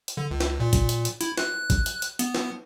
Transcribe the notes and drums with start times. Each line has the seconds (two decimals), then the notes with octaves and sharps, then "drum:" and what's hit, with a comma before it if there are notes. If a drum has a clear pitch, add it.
0.08 drum: hi-hat
0.17 D3
0.31 C#2
0.40 drum: snare
0.60 A#2
0.73 drum: kick A1, hi-hat
0.89 drum: hi-hat
1.05 drum: hi-hat
1.21 E4, drum: hi-hat
1.38 F#6, drum: snare
1.70 drum: kick A1, hi-hat
1.86 drum: hi-hat
2.02 drum: hi-hat
2.19 B3, drum: hi-hat
2.35 drum: snare